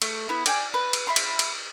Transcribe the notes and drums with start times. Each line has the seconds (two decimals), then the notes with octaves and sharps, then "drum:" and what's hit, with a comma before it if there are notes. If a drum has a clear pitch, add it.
0.02 A3, drum: cymbal
0.29 B3 E4
0.46 D5 G5 G#5, drum: cymbal
0.74 B4
0.93 drum: cymbal
1.07 E5 B5 C6
1.16 drum: cymbal
1.39 drum: cymbal